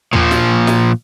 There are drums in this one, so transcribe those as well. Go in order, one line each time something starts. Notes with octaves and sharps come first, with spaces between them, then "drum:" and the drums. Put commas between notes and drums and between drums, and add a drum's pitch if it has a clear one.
A#2 F3, drum: tom D#2
drum: snare
drum: snare